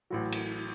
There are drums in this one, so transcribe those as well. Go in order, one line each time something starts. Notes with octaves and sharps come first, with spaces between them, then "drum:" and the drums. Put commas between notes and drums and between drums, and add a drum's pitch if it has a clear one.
A1 A2 F#3
drum: cymbal